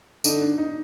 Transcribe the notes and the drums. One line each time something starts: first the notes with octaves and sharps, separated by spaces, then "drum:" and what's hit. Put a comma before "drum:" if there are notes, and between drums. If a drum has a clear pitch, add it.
D3 D#4, drum: tambourine
D4
D#4